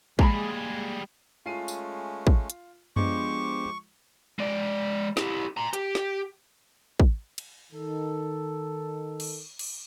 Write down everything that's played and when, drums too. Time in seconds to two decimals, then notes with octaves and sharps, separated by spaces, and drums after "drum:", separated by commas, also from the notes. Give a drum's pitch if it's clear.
0.19 G3 G#3 A#3 G#4 G#5 A#5 B5, drum: kick
1.46 G#3 A3 C#4 F4 C7 D#7
1.68 drum: tambourine
2.27 drum: kick
2.50 drum: hi-hat
2.96 F3 G#3 B3 D4 G4 C5 C#6 D6, drum: tom F#2
4.39 G#3 D5
5.17 E4 G4, drum: snare
5.57 A#5 C6
5.73 G4, drum: hi-hat
5.95 drum: snare
7.00 drum: kick
7.38 drum: cymbal
7.73 D#3 A4
9.20 drum: cymbal
9.59 drum: cymbal